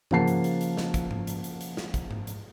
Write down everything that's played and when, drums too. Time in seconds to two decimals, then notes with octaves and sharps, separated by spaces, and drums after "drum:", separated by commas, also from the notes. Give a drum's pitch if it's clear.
0.11 C#3 F3 A#3 F#5 A5 C7, drum: tom G#2
0.28 drum: hi-hat
0.44 drum: hi-hat
0.61 drum: hi-hat
0.77 drum: snare
0.94 drum: kick, hi-hat
1.11 drum: tom G#2
1.27 drum: hi-hat
1.44 drum: hi-hat
1.61 drum: hi-hat
1.77 drum: snare
1.94 drum: kick, hi-hat
2.11 drum: tom G#2
2.27 drum: hi-hat